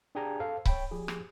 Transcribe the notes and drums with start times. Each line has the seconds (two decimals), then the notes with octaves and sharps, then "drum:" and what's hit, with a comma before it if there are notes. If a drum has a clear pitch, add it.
0.15 D4 G4 G#4 G5 G#5 A#5
0.40 A4 C5 F5
0.65 C#5 G5 B5, drum: kick C#1
0.91 F3 G4 G#4
1.08 drum: rim click